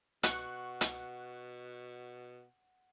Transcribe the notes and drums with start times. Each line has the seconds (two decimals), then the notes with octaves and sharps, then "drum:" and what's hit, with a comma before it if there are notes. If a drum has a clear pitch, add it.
0.23 B2 F#5 C#6 F#6, drum: hi-hat
0.81 drum: hi-hat